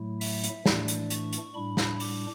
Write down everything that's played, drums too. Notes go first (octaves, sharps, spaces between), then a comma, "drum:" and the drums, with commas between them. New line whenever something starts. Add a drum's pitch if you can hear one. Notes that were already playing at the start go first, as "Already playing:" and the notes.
Already playing: A2 F#3 A3 E4
E5, drum: open hi-hat
drum: hi-hat
A2 E3 A3 D4 D5, drum: snare
drum: hi-hat
C#6, drum: hi-hat
drum: hi-hat
A2 G3 D4 B5
drum: snare
D6, drum: open hi-hat